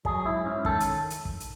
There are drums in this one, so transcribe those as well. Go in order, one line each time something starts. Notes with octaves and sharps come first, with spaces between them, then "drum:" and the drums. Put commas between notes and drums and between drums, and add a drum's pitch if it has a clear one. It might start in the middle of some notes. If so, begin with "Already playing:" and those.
F#3 G#4, drum: kick
G#2 E4
G#2 C#4
D#3 A4, drum: kick
drum: hi-hat
drum: hi-hat
drum: kick
drum: hi-hat